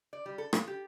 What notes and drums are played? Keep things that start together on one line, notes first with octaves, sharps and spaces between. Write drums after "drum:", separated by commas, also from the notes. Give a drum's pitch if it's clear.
D5
G3
A4
F4, drum: rim click
G4